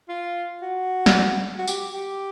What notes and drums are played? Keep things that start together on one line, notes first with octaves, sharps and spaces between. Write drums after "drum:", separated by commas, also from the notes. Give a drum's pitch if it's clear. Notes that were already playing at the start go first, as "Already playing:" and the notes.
F4
F#4
drum: snare
F#4
G4, drum: tambourine
G4